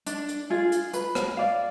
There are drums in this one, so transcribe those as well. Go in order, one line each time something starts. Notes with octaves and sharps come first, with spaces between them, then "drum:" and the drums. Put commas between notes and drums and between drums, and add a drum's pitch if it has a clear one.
D4, drum: hi-hat
drum: hi-hat
F4 G#4
drum: hi-hat
B4, drum: hi-hat
drum: rim click
D5 F5